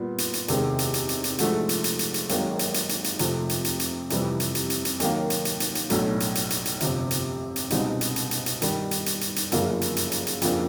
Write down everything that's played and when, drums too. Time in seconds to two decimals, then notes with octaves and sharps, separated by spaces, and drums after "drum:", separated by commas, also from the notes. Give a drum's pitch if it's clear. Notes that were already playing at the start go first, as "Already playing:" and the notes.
Already playing: A#2 G3 B3
0.18 drum: hi-hat
0.33 drum: hi-hat
0.48 E2 C3 D#3 G#3, drum: hi-hat
0.79 drum: hi-hat
0.94 drum: hi-hat
1.09 drum: hi-hat
1.24 drum: hi-hat
1.38 G#2 F3 A3 D4 F#4, drum: hi-hat
1.69 drum: hi-hat
1.84 drum: hi-hat
1.99 drum: hi-hat
2.14 drum: hi-hat
2.29 G#1 G#2 D#3 F#3 A#3, drum: hi-hat
2.59 drum: hi-hat
2.74 drum: hi-hat
2.89 drum: hi-hat
3.04 drum: hi-hat
3.19 F2 C3 F3 A3, drum: hi-hat
3.49 drum: hi-hat
3.64 drum: hi-hat
3.80 drum: hi-hat
4.10 F2 C3 E3 G3, drum: hi-hat
4.40 drum: hi-hat
4.55 drum: hi-hat
4.70 drum: hi-hat
4.85 drum: hi-hat
5.00 D#2 D#3 F#3 A#3, drum: hi-hat
5.30 drum: hi-hat
5.45 drum: hi-hat
5.60 drum: hi-hat
5.75 drum: hi-hat
5.90 B1 A2 F#3 A3 D4, drum: hi-hat
6.20 drum: hi-hat
6.35 drum: hi-hat
6.50 drum: hi-hat
6.65 drum: hi-hat
6.80 G1 F2 C3, drum: hi-hat
7.11 drum: hi-hat
7.56 drum: hi-hat
7.70 C#2 B2 G3 C4 D#4, drum: hi-hat
8.01 drum: hi-hat
8.16 drum: hi-hat
8.31 drum: hi-hat
8.46 drum: hi-hat
8.62 G2 D#3 G3, drum: hi-hat
8.91 drum: hi-hat
9.06 drum: hi-hat
9.21 drum: hi-hat
9.36 drum: hi-hat
9.52 G1 F#2 C#3 F3 A#3, drum: hi-hat
9.81 drum: hi-hat
9.97 drum: hi-hat
10.12 drum: hi-hat
10.27 drum: hi-hat
10.42 F2 C#3 F3 A#3 D4, drum: hi-hat